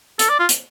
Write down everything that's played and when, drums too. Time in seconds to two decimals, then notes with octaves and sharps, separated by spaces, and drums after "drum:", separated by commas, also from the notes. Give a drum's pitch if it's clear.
0.19 A4, drum: hi-hat
0.29 D5
0.39 F4
0.49 drum: hi-hat